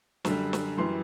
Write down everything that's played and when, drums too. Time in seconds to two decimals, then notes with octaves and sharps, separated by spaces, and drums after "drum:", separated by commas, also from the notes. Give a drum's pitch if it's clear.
0.25 F#2 D3 G3, drum: snare
0.53 drum: snare
0.78 F#2 E3 G3 C6